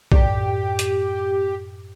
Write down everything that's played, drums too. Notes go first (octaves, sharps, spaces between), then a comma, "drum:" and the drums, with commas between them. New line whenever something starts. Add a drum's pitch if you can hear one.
F#2 A2 G4 D5, drum: kick A#1
drum: hi-hat